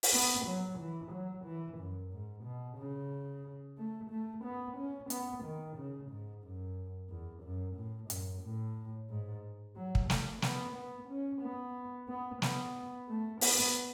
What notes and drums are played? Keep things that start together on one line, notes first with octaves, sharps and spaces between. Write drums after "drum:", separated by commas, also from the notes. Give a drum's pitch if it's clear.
drum: open hi-hat
B3
F#3
E3
F#3
E3
F#2
G#2
B2
C#3
A3
A3
B3
C#4
B3, drum: hi-hat
D#3
C#3
G#2
F#2
E2
F#2
A2
F#2, drum: hi-hat
A2
G#2
F#3
drum: kick
A3, drum: snare
B3, drum: snare
B3
C#4
B3
B3
B3, drum: snare
A3
B3, drum: open hi-hat